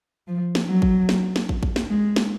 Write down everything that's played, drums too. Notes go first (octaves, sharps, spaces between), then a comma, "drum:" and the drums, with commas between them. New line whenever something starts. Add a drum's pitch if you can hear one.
F3
drum: snare
F#3
drum: kick
drum: snare
drum: snare
drum: kick
drum: kick
drum: snare
G#3
drum: snare